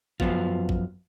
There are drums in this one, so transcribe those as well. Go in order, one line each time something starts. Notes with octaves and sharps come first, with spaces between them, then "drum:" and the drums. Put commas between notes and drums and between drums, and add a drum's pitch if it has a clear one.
F#2 F3 B3 F4, drum: kick
drum: kick